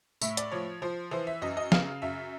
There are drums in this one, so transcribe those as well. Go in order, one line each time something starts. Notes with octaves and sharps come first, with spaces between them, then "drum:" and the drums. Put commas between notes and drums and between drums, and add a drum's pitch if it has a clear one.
A2 E5, drum: tambourine
D5, drum: hi-hat
F3 C#5
F3 C5
E3 C5
E5
F#2 D#5
D#5
C#3 F5, drum: snare
F#2 E5